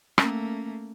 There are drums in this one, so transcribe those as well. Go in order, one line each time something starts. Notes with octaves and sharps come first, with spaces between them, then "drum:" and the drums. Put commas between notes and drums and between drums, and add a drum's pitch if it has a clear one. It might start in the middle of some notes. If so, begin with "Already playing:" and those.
A3 A#3 C#4 A#4, drum: rim click